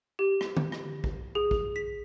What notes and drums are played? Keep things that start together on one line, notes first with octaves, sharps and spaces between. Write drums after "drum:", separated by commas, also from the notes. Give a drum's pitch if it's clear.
G4
drum: rim click
drum: tom D3
drum: rim click
drum: kick
G#4
drum: kick
B6